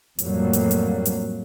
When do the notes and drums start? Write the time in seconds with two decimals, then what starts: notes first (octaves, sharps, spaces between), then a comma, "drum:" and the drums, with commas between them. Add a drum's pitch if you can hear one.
0.19 F2 A2 F#3 G3 A#3, drum: hi-hat
0.53 drum: hi-hat
0.71 drum: hi-hat
1.05 drum: hi-hat